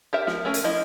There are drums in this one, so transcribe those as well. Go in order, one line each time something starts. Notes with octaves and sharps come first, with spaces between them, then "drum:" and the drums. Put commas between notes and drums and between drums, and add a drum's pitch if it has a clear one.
G4 A#4 E5
F3 A#4, drum: snare
A3 C#4 A#4
drum: hi-hat
F3 E4 D#5